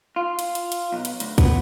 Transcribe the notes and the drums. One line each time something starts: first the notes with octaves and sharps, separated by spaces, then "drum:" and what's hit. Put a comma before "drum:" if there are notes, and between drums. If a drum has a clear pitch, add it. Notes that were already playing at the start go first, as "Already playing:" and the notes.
F4
drum: hi-hat
drum: hi-hat
drum: hi-hat
B1
drum: hi-hat
D2, drum: hi-hat
B3, drum: kick, hi-hat